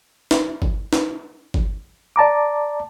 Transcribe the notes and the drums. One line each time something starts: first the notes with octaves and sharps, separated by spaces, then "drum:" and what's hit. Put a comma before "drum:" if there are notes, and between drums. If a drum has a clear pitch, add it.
drum: snare
drum: kick G1
drum: snare
drum: kick G1
D5 A5 A#5 D6